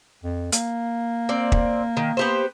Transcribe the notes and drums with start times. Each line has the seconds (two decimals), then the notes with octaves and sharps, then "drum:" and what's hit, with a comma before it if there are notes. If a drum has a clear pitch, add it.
0.23 F2
0.52 A#3, drum: hi-hat
1.29 C4 D5
1.52 drum: kick
1.97 D#3
2.17 B3 G4 C5